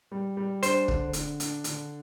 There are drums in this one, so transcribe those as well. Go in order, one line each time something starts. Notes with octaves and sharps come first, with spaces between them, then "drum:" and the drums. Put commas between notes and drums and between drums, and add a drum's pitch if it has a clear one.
G3
G3
D4 C5, drum: hi-hat
D3, drum: kick
D3, drum: hi-hat
D4, drum: hi-hat
D3, drum: hi-hat